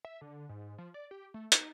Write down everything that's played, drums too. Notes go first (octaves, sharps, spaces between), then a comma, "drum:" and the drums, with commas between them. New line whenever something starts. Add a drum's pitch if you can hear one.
E5
D3
G#2
F3
D5
G4
A3
D#4, drum: hi-hat